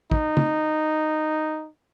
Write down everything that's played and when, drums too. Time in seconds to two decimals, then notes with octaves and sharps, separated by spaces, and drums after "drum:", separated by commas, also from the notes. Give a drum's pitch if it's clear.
0.11 D#4, drum: kick
0.37 drum: tom